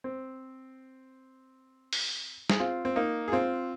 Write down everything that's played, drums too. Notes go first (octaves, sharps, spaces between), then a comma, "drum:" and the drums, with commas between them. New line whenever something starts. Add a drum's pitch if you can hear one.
C4
drum: open hi-hat
G#4, drum: snare
C4 F4
C4
A#3 D#4
G#4
C4 F4